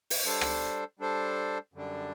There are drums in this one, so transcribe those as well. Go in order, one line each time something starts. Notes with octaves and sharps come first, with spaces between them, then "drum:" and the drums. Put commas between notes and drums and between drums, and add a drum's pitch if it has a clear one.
drum: open hi-hat
G3 D4 A4 C5
drum: rim click
G3 D4 A4 C5
F#2 D3 G3 D4